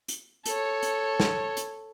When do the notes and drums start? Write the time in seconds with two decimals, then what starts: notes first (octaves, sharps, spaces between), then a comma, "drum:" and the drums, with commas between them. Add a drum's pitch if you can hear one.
0.08 drum: hi-hat
0.45 A4 C#5, drum: hi-hat
0.83 drum: hi-hat
1.20 drum: snare
1.57 drum: hi-hat